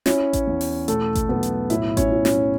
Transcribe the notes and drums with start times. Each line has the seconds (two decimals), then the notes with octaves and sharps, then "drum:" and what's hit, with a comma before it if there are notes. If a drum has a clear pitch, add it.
0.06 C#4 E4 C#5, drum: snare
0.33 drum: kick A1, hi-hat
0.47 E2
0.61 drum: open hi-hat
0.88 B2 A3 A4, drum: hi-hat
1.15 drum: kick A1, hi-hat
1.29 B1 B3 B4
1.43 drum: hi-hat
1.70 A2 E4 E5, drum: hi-hat
1.97 C#4 C#5, drum: kick A1, hi-hat
2.11 E4
2.25 C#4 C#5, drum: snare